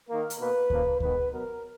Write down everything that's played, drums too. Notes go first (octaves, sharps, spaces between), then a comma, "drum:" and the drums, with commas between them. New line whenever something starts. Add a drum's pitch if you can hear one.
D#3 A#3 A#4
drum: hi-hat
B2 A#3 B4
C#3 F3 A#3, drum: kick D2
D#3 G#3 B3 B4, drum: kick D2
B2 F#3 B3 A#4